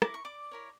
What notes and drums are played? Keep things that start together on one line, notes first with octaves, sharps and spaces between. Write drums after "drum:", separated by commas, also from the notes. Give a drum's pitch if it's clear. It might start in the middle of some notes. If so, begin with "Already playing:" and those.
E4 A#4 D6, drum: rim click
C#6
D5 D6
E4 A#4 C#5